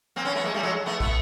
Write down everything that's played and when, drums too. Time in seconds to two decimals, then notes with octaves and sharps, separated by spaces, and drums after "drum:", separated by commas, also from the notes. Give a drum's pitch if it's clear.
0.16 A#3 C4
0.25 B3 C#4
0.35 A3 B3
0.44 G#3 A#3
0.54 G3 A3
0.63 F#3 G#3
0.86 A3 B3
1.00 A3 B3, drum: kick